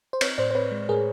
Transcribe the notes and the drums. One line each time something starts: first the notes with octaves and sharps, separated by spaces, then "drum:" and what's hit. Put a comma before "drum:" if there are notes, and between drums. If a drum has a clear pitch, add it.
C5
C4 B4 C#5, drum: cymbal
A2 C5 D5
C5
C4 B4 C#5
G#3
A2 G#4 A#4